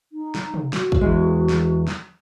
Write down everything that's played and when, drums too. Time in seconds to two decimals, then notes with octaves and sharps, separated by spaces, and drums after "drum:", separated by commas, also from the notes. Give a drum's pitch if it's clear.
0.12 D#4
0.35 drum: snare
0.54 drum: tom
0.73 F#4, drum: snare
0.92 drum: kick
1.01 E2 G#3
1.49 drum: snare
1.87 drum: snare